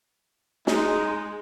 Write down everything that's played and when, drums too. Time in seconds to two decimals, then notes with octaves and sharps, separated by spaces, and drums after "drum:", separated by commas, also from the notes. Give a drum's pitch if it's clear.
0.67 G#3 D#4, drum: snare